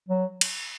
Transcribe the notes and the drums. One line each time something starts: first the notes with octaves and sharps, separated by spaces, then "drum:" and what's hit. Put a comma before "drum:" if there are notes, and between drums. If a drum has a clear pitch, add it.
F#3
drum: cymbal